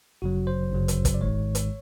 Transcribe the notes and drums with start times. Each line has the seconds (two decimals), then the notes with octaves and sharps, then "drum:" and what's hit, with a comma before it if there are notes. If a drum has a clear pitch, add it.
0.22 G1 F#2 C#3 F#3 F#4
0.47 C5
0.71 G1 F#2 C#3 F#3
0.88 drum: hi-hat
1.05 drum: kick, hi-hat
1.14 D5
1.21 G#1 G#2 D#3 G#3 C#5
1.55 drum: hi-hat